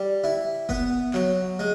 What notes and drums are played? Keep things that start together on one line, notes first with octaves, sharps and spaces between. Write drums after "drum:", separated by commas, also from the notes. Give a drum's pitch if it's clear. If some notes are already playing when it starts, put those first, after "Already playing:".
Already playing: G3
E4
B3, drum: kick
F#3, drum: clap
G#3